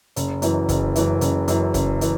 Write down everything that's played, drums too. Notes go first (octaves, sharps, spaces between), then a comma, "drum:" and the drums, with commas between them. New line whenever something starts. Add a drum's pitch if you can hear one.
F#1, drum: hi-hat
F#2 E3, drum: hi-hat
F#1, drum: kick, hi-hat
F#2 E3, drum: hi-hat
F#1, drum: hi-hat
F#2 E3, drum: hi-hat
F#1, drum: kick, hi-hat
E3, drum: hi-hat